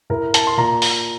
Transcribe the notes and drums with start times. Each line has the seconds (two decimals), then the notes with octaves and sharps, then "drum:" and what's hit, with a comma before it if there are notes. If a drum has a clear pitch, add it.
0.10 A2 A#4
0.34 A5, drum: hi-hat
0.47 C6
0.57 A#2 A#5
0.82 drum: open hi-hat